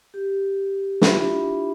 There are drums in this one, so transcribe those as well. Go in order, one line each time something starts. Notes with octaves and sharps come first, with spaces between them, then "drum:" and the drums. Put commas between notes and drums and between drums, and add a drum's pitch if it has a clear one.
G4
D4 E4 F4 G4 E5 B5, drum: snare